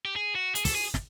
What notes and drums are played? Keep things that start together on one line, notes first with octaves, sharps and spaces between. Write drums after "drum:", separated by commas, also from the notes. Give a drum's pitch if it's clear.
G4
G#4
F#4
G#4, drum: hi-hat
A4, drum: kick, open hi-hat
G#4
drum: snare